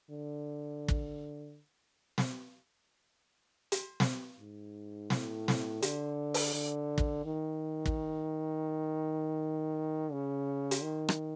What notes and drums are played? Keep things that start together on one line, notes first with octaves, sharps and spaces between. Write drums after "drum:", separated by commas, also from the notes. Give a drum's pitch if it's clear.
D3
drum: kick
drum: snare
drum: hi-hat
drum: snare
G#2
A2, drum: snare
drum: snare
D3, drum: hi-hat
drum: open hi-hat
D3
drum: kick
D#3
drum: kick
C#3
drum: hi-hat
D#3
drum: rim click